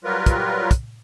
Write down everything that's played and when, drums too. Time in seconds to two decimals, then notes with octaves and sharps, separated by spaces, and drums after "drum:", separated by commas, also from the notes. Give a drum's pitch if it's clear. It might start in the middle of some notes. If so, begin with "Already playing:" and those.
0.04 F#3 G3 F4 A#4 B4
0.26 drum: kick, hi-hat
0.71 drum: kick, hi-hat